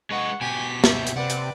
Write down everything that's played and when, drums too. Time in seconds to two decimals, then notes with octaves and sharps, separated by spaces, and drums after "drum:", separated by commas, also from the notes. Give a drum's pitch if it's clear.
0.11 G#3 B4 D#5 F#5 C#6
0.41 B2 G4 G#5 B6
0.84 E5, drum: snare
1.07 drum: hi-hat
1.16 C3 B4 D5 F#5
1.30 drum: hi-hat